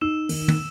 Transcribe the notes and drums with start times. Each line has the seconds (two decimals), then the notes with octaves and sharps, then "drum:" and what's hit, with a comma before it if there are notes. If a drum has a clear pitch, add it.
0.01 D#4 E6 E7
0.29 D#3, drum: open hi-hat
0.48 drum: tom